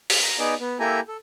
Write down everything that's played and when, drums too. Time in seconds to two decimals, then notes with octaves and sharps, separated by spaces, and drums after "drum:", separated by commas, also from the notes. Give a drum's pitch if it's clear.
0.10 drum: open hi-hat
0.23 A#5
0.39 B3 D#4 G#4 D5
0.60 B3
0.80 A#3 E4 G4 A4 G#5 A#5
1.08 A4